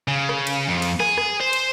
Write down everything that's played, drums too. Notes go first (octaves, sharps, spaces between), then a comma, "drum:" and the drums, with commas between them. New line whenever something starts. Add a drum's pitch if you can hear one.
C#3
drum: rim click
drum: cymbal
F2
drum: cymbal
G#4, drum: rim click
drum: rim click
C5
drum: cymbal